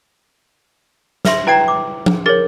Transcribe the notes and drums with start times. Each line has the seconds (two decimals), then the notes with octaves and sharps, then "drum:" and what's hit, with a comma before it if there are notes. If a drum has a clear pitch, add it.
1.25 B4 E5 C6, drum: snare
1.47 E4 B4 F#5 G5 A#5 G#6
1.68 D6
2.06 drum: tom
2.26 G#4 A#4 C#5 A6